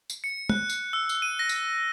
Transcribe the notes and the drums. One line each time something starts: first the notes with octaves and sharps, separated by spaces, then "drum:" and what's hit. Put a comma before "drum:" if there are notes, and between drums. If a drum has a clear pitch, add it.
drum: tambourine
C#7
F#6, drum: tom
drum: tambourine
E6
drum: tambourine
D#7
A#6
drum: tambourine